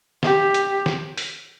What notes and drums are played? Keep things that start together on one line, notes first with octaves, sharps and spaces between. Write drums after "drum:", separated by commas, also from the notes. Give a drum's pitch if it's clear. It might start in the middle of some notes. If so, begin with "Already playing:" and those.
G4, drum: snare
drum: hi-hat
drum: snare
drum: open hi-hat